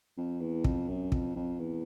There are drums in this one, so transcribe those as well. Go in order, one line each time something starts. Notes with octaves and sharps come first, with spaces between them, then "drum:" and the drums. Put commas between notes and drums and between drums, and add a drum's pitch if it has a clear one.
F2
E2
F2, drum: kick
F#2
F2, drum: kick
F2
E2